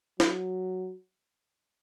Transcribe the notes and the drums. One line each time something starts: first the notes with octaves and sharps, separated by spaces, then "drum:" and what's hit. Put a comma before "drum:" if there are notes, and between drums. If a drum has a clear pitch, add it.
F#3, drum: snare